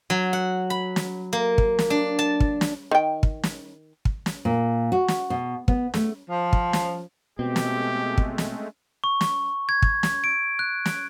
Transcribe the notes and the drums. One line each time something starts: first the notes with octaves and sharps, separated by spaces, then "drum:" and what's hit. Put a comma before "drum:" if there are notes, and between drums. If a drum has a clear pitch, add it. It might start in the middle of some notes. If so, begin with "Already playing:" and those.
F#3
F#5
B5
drum: snare
A#3
drum: kick
drum: snare
D4
A5
drum: kick
drum: snare
D#3 G5
drum: kick
drum: snare
drum: kick
drum: snare
A#2
F#4
drum: snare
B2
B3, drum: kick
A3, drum: snare
F3
drum: kick
drum: snare
B2 G#3 A3 C4 G4
drum: snare
drum: kick
drum: snare
C#6
drum: snare
G#6
drum: kick
drum: snare
D7
F#6
drum: snare